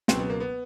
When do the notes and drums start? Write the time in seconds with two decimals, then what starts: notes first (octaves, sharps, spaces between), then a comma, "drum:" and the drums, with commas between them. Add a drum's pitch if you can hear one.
0.08 C#2 B2 F#3 C4, drum: snare
0.19 B3
0.30 A#3
0.40 B3